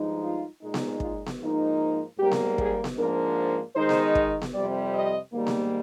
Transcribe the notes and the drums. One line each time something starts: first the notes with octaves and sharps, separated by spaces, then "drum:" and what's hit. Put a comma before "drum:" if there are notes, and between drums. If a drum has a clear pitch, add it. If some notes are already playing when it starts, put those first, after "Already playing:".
Already playing: G2 F3 G#3 D#4
F4
A#2 G#3 D#4
drum: snare B3
F4, drum: kick
drum: snare B3
G#2 F3 A#3 D#4
G#2 G3 A#3 G4
drum: snare B3
G#4, drum: kick
drum: snare B3
G#2 F3 A#3 D4 A#4
D#3 G#3 D#4 C5
drum: snare B3
drum: kick
drum: snare B3
F2 C3 G3 D5
D#5
G#2 D#3 G3 A#3
drum: snare B3